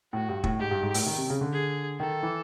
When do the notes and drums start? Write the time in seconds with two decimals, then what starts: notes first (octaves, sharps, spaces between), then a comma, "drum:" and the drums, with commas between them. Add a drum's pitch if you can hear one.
0.13 A2 F#4
0.29 G2
0.44 A2, drum: kick
0.59 G#2 G4
0.71 G2
0.83 G#2
0.94 A2, drum: open hi-hat
1.06 D#3
1.18 C3
1.30 C#3
1.41 D3
1.53 G#4
1.99 D#3 A4
2.23 E3